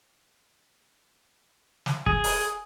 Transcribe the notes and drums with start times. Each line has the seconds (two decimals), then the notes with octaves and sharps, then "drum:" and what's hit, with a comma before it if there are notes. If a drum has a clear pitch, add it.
1.86 drum: snare
2.06 G#4, drum: kick
2.24 drum: open hi-hat